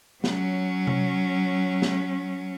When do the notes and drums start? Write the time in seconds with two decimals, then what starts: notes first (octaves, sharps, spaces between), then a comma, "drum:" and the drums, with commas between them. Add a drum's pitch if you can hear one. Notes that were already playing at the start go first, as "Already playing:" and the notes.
0.24 F#3 C#4, drum: snare
0.87 drum: tom C3
1.82 drum: snare